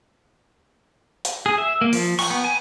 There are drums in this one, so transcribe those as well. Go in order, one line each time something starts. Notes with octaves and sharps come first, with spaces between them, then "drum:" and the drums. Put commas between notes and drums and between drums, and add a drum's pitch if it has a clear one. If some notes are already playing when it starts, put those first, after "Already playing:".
drum: hi-hat
G#4
E5
A#3
F3, drum: open hi-hat
C#6, drum: cymbal
B3
G#5